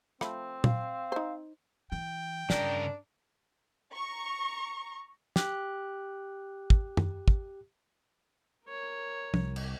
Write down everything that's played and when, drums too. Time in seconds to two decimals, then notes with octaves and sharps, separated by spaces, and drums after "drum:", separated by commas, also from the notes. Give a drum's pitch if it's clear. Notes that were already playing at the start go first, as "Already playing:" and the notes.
0.21 F3 A3 C4 B5, drum: rim click
0.64 F5, drum: tom A#2
1.12 D#4 C5
1.92 E3 G5
2.50 G2 C#3 D4 A#4, drum: snare
3.94 A#5 C#6
5.36 G4 F#6, drum: snare
6.70 drum: kick
6.97 drum: tom
7.28 drum: kick
8.65 A#4 C#5
9.34 C2, drum: tom
9.56 drum: cymbal